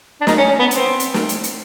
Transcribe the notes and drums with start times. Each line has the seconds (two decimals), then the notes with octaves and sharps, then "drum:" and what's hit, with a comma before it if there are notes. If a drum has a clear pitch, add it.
0.21 D4
0.27 D#4, drum: snare
0.38 C#4
0.48 C#4
0.59 B3
0.71 C4, drum: hi-hat
1.00 drum: hi-hat
1.14 drum: snare
1.29 drum: hi-hat
1.44 drum: hi-hat